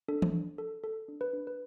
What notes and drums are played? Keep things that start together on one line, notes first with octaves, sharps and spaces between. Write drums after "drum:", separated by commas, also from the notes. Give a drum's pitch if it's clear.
D4 A4
drum: tom
D4
A4
A4
D4
B4
D4
B4